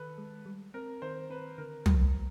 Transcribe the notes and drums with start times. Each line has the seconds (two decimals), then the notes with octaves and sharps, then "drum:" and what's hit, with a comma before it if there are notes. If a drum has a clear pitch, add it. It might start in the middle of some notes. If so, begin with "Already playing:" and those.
Already playing: D#3 A4 B4
0.18 G#3
0.46 G3
0.74 C4 A#4
1.02 D#3 C5
1.30 C4 B4
1.58 D3 A#4
1.86 A3, drum: tom